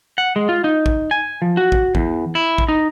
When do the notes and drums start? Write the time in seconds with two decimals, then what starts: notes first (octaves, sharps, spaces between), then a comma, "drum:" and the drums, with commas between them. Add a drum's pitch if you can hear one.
0.18 F#5
0.36 G#3
0.49 F4
0.64 D#4
0.86 drum: kick
1.11 G#5
1.42 F3
1.57 F#4
1.72 drum: kick
1.95 E2, drum: kick
2.35 E4
2.58 drum: kick
2.68 D#4